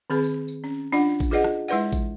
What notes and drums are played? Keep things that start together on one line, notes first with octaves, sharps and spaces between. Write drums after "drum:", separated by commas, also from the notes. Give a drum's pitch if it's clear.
D#3 C4 G#4 B4 B5
drum: tambourine
drum: tambourine
C#4
D4 F4 D5 F#5
drum: kick A1, tambourine
F4 G#4 B4 D5 D#5 F#5
drum: rim click
G#3 E4 B4 D5 F#5, drum: tambourine
drum: kick A1, tambourine